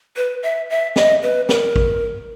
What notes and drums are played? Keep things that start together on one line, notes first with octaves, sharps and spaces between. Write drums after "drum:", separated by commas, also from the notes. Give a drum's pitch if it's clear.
B4
E5
E5
D#5, drum: snare
B4
A#4, drum: snare
drum: kick